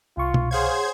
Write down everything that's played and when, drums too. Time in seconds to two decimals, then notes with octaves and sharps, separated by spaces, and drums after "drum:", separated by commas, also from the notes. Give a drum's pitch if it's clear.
0.17 C2 F4 C#6
0.34 drum: tom B2
0.51 G#4 C5 C#5 F5 F#5 C6 G#6